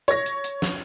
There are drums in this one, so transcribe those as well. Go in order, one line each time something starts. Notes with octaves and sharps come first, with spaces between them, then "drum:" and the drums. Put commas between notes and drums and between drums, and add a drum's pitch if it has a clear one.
C#5 A#6, drum: hi-hat
drum: hi-hat
drum: hi-hat
drum: snare